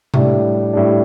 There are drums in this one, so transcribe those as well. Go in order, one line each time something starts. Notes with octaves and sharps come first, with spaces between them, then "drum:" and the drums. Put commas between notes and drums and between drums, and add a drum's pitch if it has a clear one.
A2 G3 D4, drum: tom C3
A2 G3 D4